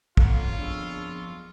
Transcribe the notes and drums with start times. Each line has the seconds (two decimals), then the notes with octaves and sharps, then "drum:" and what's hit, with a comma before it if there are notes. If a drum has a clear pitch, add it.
0.17 F2 B3 F4 A4 C#5 F5 F#5 A#5, drum: kick
0.58 B3 D4 G#4 C#6 E6